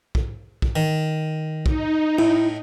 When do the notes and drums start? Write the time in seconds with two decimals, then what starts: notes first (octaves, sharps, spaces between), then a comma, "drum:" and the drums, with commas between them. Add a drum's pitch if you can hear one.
0.15 drum: kick
0.62 drum: kick
0.76 D#3
1.66 D#4, drum: kick
2.19 A2 E4